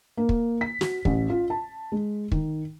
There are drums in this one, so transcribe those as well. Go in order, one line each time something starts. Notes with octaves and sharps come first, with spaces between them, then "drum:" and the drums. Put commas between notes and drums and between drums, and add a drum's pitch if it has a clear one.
A#3
drum: kick
B6
F#4, drum: snare
A1, drum: kick
F4
A5
G#3
D#3, drum: kick